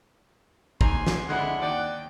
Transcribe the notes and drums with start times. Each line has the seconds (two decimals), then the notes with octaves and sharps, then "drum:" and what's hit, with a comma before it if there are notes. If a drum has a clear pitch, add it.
0.81 D#2 G#5 A#5 C6, drum: kick
1.07 drum: snare
1.29 D3 G#3 D4 E4 F#5
1.62 D#2 D5 G5